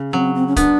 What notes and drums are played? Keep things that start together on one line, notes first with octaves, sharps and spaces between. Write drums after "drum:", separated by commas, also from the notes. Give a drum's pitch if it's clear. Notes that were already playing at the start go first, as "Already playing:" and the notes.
Already playing: C#3
F#3 C4
C4
C#4
B3 D4, drum: kick, hi-hat